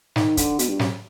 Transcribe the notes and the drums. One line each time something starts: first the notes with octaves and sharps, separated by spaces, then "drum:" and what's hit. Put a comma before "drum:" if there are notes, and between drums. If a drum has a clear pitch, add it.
D#3, drum: snare
D3, drum: kick, hi-hat
B2, drum: hi-hat
G2
F#2, drum: snare